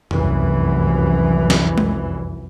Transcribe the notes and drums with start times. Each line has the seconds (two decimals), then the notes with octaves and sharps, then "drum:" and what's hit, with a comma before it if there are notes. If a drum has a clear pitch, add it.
0.11 F1 C2 F#2 E3, drum: tom E2
1.50 drum: snare
1.78 drum: tom G#3